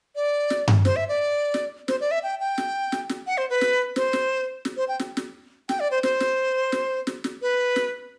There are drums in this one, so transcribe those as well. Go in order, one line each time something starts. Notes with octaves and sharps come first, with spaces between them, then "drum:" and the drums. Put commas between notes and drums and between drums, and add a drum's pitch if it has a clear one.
D5
drum: snare
drum: tom G2
C5, drum: snare
E5
D5
drum: snare
C5, drum: snare
D5
E5
G5
G5
drum: snare
drum: snare
drum: snare
F#5
C5
B4
drum: snare
C5, drum: snare
drum: snare
drum: snare
C5
G5
drum: snare
drum: snare
G5, drum: snare
D5
C5
C5, drum: snare
drum: snare
drum: snare
drum: snare
drum: snare
B4
drum: snare